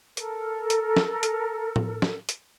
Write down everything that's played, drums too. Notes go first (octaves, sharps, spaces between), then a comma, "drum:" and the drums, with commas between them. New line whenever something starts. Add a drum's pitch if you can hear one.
A4 A#4, drum: hi-hat
drum: hi-hat
drum: snare
drum: hi-hat
drum: tom A2
drum: snare
drum: hi-hat